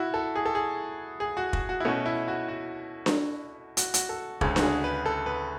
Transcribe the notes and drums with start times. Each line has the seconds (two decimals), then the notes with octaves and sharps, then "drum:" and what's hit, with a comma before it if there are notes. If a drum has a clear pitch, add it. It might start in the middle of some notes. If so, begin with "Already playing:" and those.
Already playing: E4 F#4
0.14 A4
0.36 G#4
0.45 A4
0.55 G#4
1.20 G#4
1.37 F#4
1.53 F#4, drum: kick
1.69 F#4
1.80 E4
1.85 B2 A3 C#4 F#4
2.06 E4
2.28 F#4
2.48 F#4
3.06 drum: snare D4
3.77 F#4, drum: hi-hat
3.94 F#4, drum: hi-hat
4.09 A4
4.41 D2 C#3 G#3 C#4 A4, drum: kick
4.56 F#4, drum: snare D4
4.63 G#4
4.84 B4
5.06 A4
5.26 B4